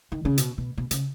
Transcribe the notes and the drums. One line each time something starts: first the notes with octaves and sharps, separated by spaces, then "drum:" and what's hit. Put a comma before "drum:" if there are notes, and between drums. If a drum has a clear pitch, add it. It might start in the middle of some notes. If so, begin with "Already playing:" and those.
D#3
C#3
B2, drum: hi-hat
B2
B2
C#3, drum: hi-hat